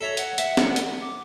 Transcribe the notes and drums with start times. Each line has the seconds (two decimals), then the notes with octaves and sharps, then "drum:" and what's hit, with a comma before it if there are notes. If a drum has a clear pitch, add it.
0.01 A4 C#5 E5 A#5
0.17 F#5, drum: hi-hat
0.38 E5, drum: hi-hat
0.57 drum: snare
0.76 drum: hi-hat
1.02 D6